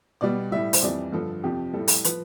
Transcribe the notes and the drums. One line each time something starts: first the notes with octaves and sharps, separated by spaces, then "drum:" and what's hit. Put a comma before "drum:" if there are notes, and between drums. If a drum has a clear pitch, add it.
B2 G3 D5
A2 G3 E5
C5, drum: open hi-hat
F2 E3 G3 D5
G2 D3 F3 A4
F2 C3 F3 G4
A2 G3 A4
drum: open hi-hat
F3 B4, drum: hi-hat